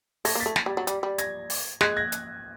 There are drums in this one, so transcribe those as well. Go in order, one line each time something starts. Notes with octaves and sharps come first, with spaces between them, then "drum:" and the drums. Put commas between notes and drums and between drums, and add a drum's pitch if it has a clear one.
A3 G#6 A#6, drum: open hi-hat
A#3
A6 B6
A3
A6 B6, drum: snare
G3
F#3
G3, drum: hi-hat
G3
G#6 A#6, drum: hi-hat
drum: open hi-hat
G#3 F#6 G#6, drum: snare
G#6 A#6
drum: hi-hat